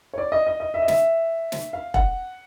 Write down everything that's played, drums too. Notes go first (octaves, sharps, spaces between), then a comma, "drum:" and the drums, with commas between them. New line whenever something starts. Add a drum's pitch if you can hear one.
C#5
D5
D#5
D#5
D#5
E5
D#5
E5, drum: snare
drum: snare
F5
F#5, drum: kick E1